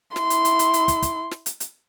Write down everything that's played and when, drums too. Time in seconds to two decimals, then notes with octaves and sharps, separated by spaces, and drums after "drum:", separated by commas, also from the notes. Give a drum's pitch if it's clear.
0.16 E4 C6, drum: snare
0.30 drum: hi-hat
0.45 drum: hi-hat
0.59 drum: hi-hat
0.74 drum: hi-hat
0.88 drum: kick, hi-hat
1.02 drum: kick, hi-hat
1.31 drum: snare
1.46 drum: hi-hat
1.60 drum: hi-hat